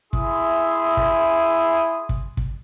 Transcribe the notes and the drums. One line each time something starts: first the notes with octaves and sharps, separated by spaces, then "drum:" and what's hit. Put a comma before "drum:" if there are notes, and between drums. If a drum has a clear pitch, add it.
E4 G#4 E5 C6 D#6, drum: kick
drum: kick
drum: kick
drum: kick